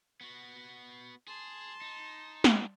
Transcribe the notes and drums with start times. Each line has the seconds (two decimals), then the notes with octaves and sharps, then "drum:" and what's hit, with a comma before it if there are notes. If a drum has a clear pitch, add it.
0.21 B3 F#4
1.27 G#4 A5 C6
1.81 D#4
2.44 drum: snare